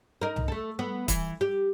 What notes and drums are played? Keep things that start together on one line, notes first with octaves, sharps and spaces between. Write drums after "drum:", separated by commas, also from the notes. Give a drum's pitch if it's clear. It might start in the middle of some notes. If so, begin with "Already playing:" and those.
D#4 A#4
drum: tom C2
A3 A4
B3
E3, drum: kick, hi-hat
G4